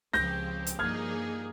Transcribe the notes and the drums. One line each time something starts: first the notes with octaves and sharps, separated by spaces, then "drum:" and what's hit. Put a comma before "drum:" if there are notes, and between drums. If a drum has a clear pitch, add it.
C#2 C#3 F3 C4 G4 G6 A#6, drum: snare
drum: hi-hat
G2 F3 A#3 D#4 G#4 F6 G#6